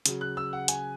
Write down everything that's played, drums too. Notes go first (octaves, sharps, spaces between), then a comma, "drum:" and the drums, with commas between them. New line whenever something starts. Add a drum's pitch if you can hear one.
C#3 F#3, drum: hi-hat
F#6
E6
F#5
G#5, drum: hi-hat